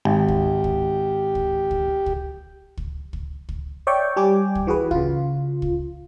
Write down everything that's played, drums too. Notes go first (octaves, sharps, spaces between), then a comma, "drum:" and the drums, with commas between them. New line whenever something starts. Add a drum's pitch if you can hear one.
G#1 G4
drum: kick
drum: kick
drum: kick
drum: kick
drum: kick
drum: kick
drum: kick
drum: kick
C#5 D5 E5 G5 C#6
G3 G4 G5 G#5 D6
drum: kick
E3 F#4 G#4 B4
C#3 F4, drum: kick
drum: kick